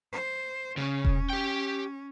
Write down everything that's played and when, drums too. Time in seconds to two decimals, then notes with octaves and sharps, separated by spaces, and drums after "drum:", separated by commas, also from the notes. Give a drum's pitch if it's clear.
0.12 C5
0.77 C#3 C#4
1.05 drum: kick E1
1.30 G4 G5